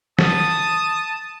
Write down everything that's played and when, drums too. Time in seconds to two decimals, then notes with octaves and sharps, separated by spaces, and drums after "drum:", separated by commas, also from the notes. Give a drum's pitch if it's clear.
0.19 A5 D#6, drum: snare